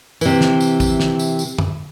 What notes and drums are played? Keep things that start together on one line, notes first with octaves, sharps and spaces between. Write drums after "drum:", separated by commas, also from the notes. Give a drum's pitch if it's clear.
C3 E3, drum: tambourine
drum: snare
drum: tambourine
drum: kick, tambourine
drum: snare
drum: tambourine
drum: tambourine
drum: tom